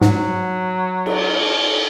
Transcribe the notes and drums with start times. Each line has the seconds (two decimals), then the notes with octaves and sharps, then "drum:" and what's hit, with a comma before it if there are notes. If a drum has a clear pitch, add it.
0.02 G#2 F#3, drum: snare
1.06 drum: cymbal